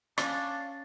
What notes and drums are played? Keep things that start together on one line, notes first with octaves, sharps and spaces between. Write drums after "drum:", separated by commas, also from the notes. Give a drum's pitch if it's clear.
C#4 D4 C#5 F5 A6, drum: rim click